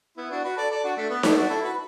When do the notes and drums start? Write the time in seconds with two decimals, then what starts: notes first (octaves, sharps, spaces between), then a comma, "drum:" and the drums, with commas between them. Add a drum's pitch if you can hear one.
0.17 B3 E4
0.30 D4 F#4
0.44 F#4 B4
0.57 A4 D5
0.71 A4 D5
0.84 D4 F#4
0.97 A3 D4
1.10 B3
1.23 A3 D4, drum: snare D#4
1.36 D4 F#4
1.50 E4 A4
1.63 F#4 B4